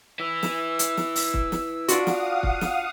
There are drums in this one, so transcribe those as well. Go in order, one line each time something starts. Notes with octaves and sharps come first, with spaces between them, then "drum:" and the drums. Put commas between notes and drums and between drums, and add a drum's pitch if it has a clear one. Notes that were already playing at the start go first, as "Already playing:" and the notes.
E4 B4 E6
drum: snare
drum: hi-hat
drum: snare
drum: open hi-hat
drum: kick
drum: snare
D4 F4 F#4 F5 F#5 D#6, drum: hi-hat
drum: snare
drum: kick
drum: snare